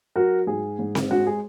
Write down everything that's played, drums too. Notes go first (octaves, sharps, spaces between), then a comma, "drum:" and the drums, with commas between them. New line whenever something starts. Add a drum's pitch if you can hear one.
F#3 F#4 A#4
G#2 G#4
G#2
drum: snare C4
G#3 F#4
G#4